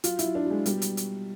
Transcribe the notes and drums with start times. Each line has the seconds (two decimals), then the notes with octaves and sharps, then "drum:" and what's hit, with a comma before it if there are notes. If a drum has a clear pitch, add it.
0.04 F#3 F4, drum: hi-hat
0.19 E4, drum: hi-hat
0.24 F#3
0.35 D4
0.46 F#3 G#3
0.66 B2 G3, drum: hi-hat
0.82 drum: hi-hat
0.97 drum: hi-hat